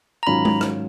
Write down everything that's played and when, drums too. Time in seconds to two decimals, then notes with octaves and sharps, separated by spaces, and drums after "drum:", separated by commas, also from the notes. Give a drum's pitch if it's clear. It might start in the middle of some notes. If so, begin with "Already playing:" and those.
0.23 A#5
0.27 G#2 D#3 F#3 C#4 F4 B5
0.45 drum: tom G#3
0.61 drum: rim click